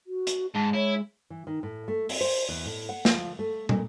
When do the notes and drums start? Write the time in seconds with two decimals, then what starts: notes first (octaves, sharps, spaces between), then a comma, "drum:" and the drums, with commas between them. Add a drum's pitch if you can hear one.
0.07 F#4
0.27 drum: hi-hat
0.54 G#2 G#3 A5
0.74 E4 C#5
1.30 E3
1.47 D#3
1.63 A2
1.88 A3
2.09 C4, drum: open hi-hat
2.21 C5
2.49 E2
2.66 A2
2.89 F#5
3.05 F3, drum: snare
3.39 A3
3.69 A#2, drum: tom